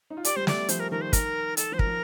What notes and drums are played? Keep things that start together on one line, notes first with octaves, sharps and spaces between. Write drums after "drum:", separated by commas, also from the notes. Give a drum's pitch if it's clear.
D#4
F4
G4 D5, drum: hi-hat
G3 C5
A3 D5, drum: snare
F3 C5, drum: hi-hat
A#4
D#3 A#4
C5
D#3 A#4, drum: kick, hi-hat
A4, drum: hi-hat
F3 C5
A#4, drum: kick
F3